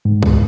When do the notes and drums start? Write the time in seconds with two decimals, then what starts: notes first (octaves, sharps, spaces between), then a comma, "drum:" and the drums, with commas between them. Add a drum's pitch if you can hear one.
0.05 G#2
0.23 drum: kick C2